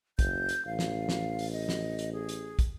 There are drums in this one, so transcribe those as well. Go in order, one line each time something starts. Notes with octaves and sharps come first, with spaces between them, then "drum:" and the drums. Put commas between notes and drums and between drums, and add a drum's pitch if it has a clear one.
F#1 G6, drum: kick, hi-hat
drum: hi-hat
A1 F5
drum: snare
drum: snare
drum: open hi-hat
D#5
drum: snare
drum: hi-hat
G#4
drum: hi-hat
drum: kick, hi-hat